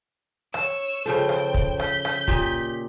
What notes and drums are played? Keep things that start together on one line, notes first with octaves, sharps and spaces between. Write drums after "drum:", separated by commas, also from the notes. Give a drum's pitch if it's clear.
C#5 E6, drum: rim click
C#3 F3 A4 C5 G5
drum: rim click
drum: kick
G6 B6, drum: rim click
drum: rim click
A#2 G4 D#5, drum: kick